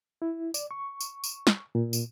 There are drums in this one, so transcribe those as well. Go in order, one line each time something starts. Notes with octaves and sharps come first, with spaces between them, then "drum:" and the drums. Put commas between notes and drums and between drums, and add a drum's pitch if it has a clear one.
E4
D5, drum: tambourine
C#6
drum: tambourine
drum: tambourine
drum: snare
A#2
drum: tambourine